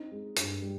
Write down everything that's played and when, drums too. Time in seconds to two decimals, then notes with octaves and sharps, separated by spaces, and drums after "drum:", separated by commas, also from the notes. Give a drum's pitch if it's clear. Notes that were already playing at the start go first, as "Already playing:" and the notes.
Already playing: C4 D#4
0.12 G#3
0.37 G2, drum: hi-hat
0.62 G3